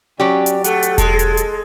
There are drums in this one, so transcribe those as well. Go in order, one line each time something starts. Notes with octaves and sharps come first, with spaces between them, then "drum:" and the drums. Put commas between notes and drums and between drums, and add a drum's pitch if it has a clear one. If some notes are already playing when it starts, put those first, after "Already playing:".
F#3 C#4 G4 D5
drum: hi-hat
A3 A4 F#5, drum: hi-hat
drum: hi-hat
G#3 A5, drum: kick E1, hi-hat
drum: hi-hat
drum: hi-hat